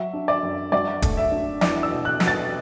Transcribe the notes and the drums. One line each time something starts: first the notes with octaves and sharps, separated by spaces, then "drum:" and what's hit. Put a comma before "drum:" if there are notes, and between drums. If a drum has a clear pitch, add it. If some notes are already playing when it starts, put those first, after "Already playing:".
Already playing: F#3 E5
D4
D5
F#2
F#3 D5
A3, drum: kick D#1, hi-hat
E5
D4
E2 D5, drum: snare
E6
B2
F#6
B2, drum: snare
A6